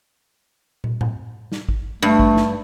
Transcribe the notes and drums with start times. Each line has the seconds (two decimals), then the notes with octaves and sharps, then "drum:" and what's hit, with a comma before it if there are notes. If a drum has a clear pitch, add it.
0.84 drum: tom
1.01 drum: tom A2
1.52 drum: snare
1.69 drum: kick
2.02 G2 A3
2.19 drum: kick
2.36 drum: snare